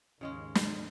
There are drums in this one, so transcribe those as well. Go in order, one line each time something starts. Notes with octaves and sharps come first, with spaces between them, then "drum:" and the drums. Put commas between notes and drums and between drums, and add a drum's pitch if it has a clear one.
D#2 G#2 C#3 G#3 C#4
drum: snare